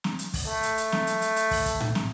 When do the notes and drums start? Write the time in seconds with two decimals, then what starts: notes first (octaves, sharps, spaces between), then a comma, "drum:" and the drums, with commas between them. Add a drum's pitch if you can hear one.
0.04 drum: snare
0.19 drum: hi-hat
0.34 drum: kick, open hi-hat
0.48 A3
0.63 drum: hi-hat
0.78 drum: hi-hat
0.92 drum: snare
1.07 drum: hi-hat
1.22 drum: hi-hat
1.36 drum: hi-hat
1.51 drum: kick, open hi-hat
1.66 drum: kick, hi-hat
1.80 drum: tom A2
1.95 drum: snare